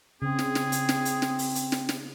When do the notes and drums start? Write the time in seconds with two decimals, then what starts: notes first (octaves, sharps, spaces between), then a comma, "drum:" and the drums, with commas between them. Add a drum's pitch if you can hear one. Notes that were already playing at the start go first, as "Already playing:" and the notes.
0.22 C#3 C4 G#4
0.39 drum: snare
0.55 drum: snare
0.72 drum: hi-hat
0.89 drum: snare
1.05 drum: hi-hat
1.22 drum: snare
1.39 drum: open hi-hat
1.55 drum: hi-hat
1.72 drum: snare
1.89 drum: snare